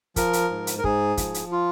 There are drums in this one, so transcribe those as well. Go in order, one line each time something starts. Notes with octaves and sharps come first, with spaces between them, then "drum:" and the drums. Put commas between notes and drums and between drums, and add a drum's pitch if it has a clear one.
F3 A#4, drum: kick, hi-hat
drum: hi-hat
G#2
drum: hi-hat
A#4
G#2 G#4, drum: kick
F3, drum: kick, hi-hat
drum: hi-hat
F4